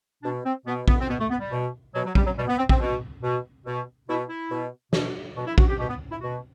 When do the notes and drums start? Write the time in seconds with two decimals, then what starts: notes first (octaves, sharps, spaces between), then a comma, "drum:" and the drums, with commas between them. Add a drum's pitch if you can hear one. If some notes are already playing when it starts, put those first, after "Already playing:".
0.23 B2 D4
0.45 C4
0.67 B2 B3
0.88 B3, drum: kick A#1
1.00 C4
1.08 B2 B3
1.20 A3
1.30 B3
1.40 G3
1.51 B2
1.94 B2 F#3
2.05 F#3
2.15 G3, drum: kick A#1
2.26 F#3
2.37 B2 G3
2.48 B3
2.58 C4
2.69 C4, drum: kick A#1
2.80 B2
3.22 B2
3.66 B2
4.08 B2 E4
4.29 E4
4.51 B2
4.93 B2, drum: snare
5.36 B2 F#4
5.47 E4
5.58 F#4, drum: kick A#1
5.68 G4
5.78 B2 G4
5.89 B3
6.11 E4
6.21 B2 F#4